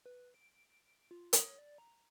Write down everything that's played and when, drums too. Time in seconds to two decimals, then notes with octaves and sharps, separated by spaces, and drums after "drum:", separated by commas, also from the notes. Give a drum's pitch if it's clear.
0.06 B4
0.34 D7
1.11 F4
1.33 C#5, drum: hi-hat
1.58 D5
1.78 A#5